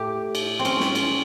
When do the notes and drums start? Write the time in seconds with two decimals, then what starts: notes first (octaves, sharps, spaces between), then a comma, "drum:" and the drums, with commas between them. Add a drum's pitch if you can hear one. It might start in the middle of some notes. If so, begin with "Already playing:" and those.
Already playing: A2 A3 G4
0.35 drum: cymbal
0.59 C4
0.65 C#4, drum: cymbal
0.80 drum: snare
0.95 drum: cymbal